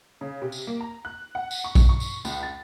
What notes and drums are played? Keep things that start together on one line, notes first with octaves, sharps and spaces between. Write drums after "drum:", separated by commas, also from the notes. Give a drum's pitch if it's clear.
C#3
C3
drum: tambourine
A#3
A#5
F#6
F#5
drum: tambourine
C#6
drum: kick A#1, tambourine
C#6
drum: tambourine
C#2, drum: tambourine
A6